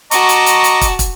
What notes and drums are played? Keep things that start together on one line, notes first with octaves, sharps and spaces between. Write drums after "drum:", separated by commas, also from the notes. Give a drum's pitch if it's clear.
F#4 D#5 A5 A#5 C#6 D6, drum: hi-hat
drum: hi-hat
drum: hi-hat
drum: hi-hat
drum: kick, hi-hat
drum: kick, hi-hat